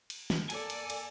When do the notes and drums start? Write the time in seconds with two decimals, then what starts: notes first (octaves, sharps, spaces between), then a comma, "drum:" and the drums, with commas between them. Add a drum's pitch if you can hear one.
0.10 drum: cymbal
0.30 drum: snare
0.50 A#3 A4 D5 G#5, drum: cymbal
0.70 drum: cymbal
0.90 drum: cymbal